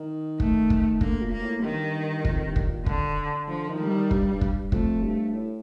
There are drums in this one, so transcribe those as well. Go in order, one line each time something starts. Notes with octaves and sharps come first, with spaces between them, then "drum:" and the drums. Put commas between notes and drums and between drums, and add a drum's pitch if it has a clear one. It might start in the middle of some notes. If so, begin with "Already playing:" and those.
Already playing: D#3
A3, drum: kick
drum: kick
D3 A#3, drum: kick
A#2
A#3
A2
G2 D#3
F2, drum: kick
G2
drum: kick
A#2
D3, drum: kick
D3 F3
D#3
G3
D#3
G2, drum: kick
G2
drum: kick
F2 A3, drum: kick
G2
A2